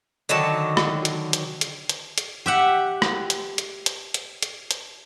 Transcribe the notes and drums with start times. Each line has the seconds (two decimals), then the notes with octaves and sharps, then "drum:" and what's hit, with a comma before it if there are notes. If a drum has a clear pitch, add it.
0.29 D3 D#3 F#3 A5
0.77 drum: rim click
1.05 drum: hi-hat
1.33 drum: hi-hat
1.61 drum: hi-hat
1.89 drum: hi-hat
2.18 drum: hi-hat
2.46 G4 E5 F#5
3.02 drum: rim click
3.30 drum: hi-hat
3.58 drum: hi-hat
3.86 drum: hi-hat
4.14 drum: hi-hat
4.42 drum: hi-hat
4.71 drum: hi-hat